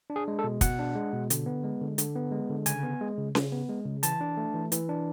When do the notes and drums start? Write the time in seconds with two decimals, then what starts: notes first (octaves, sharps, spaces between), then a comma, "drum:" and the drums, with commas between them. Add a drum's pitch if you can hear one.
0.10 D4
0.16 G#4
0.28 G#3
0.39 A4
0.44 B2
0.61 B2 F#5, drum: kick, hi-hat
0.79 D4
0.95 G#3
1.13 B2
1.30 D3, drum: hi-hat
1.46 B3
1.64 G#3
1.82 D3
1.98 D3, drum: hi-hat
2.15 B3
2.32 G#3
2.50 D3
2.66 C#3 G#5, drum: hi-hat
2.83 B3
3.01 G#3
3.18 C#3
3.35 C#3, drum: snare C#4
3.52 B3
3.69 G#3
3.85 C#3
4.03 E3 A5, drum: hi-hat
4.21 D4
4.37 A3
4.54 E3
4.72 E3, drum: hi-hat
4.89 D4